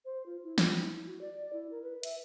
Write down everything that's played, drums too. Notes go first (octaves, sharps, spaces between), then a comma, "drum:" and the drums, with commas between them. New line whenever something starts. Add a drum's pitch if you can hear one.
C5
F4
E4
F4, drum: snare
E4
E4
F#4
D5
E4
A#4
B4
E5, drum: hi-hat